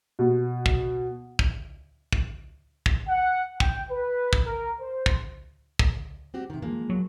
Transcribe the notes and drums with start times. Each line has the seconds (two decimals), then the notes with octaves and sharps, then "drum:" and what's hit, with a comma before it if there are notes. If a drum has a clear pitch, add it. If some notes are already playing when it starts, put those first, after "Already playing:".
0.19 B2
0.66 drum: kick
1.39 drum: kick
2.12 drum: kick
2.86 drum: kick
3.09 F#5
3.60 G5, drum: kick
3.91 B4
4.33 drum: kick
4.46 A#4
4.81 C5
5.06 drum: kick
5.79 drum: kick
6.34 C4 F#4 G4
6.50 C3 D#3
6.62 F3 G#3 A#3
6.90 F#3